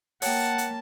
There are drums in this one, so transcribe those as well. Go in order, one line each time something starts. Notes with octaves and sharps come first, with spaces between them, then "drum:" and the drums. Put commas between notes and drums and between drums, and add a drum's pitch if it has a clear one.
A#3 C#5 F#5 G5 A5, drum: open hi-hat
drum: hi-hat